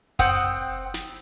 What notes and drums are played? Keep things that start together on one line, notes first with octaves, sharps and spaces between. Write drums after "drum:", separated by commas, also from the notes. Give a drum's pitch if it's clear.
C4 F#5 G5 D#6, drum: kick F#1
drum: snare